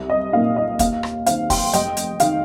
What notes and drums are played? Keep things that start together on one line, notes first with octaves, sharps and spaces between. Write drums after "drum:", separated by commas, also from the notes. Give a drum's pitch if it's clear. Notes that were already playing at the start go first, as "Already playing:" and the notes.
Already playing: C2
D#5
A#2 A#3 D#4 F5
D#5
D#2 F5, drum: kick, hi-hat
drum: rim click
D#3 C4 F5, drum: hi-hat
G5 C6, drum: kick, open hi-hat
F1 D#5 G5, drum: hi-hat
drum: hi-hat
D#3 F5, drum: hi-hat